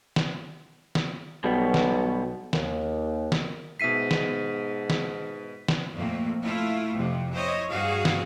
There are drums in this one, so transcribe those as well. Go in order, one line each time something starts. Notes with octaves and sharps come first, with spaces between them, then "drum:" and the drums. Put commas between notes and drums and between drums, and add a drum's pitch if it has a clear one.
drum: snare
drum: snare
B1 B2 G3 B3
drum: snare
D#2, drum: snare
drum: snare
G#2 B2 E5 B6 C7 D#7
drum: snare
drum: snare
drum: snare
F2 A#2 A3 A#3 C4
A3 E4 F4
F2 C3
E4 C5 C#5 D#5
G2 G3 F#4 G#4 F5
drum: snare